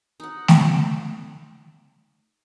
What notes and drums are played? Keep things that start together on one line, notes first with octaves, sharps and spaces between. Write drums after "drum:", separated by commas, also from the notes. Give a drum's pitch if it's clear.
D#4 F#5
drum: snare A3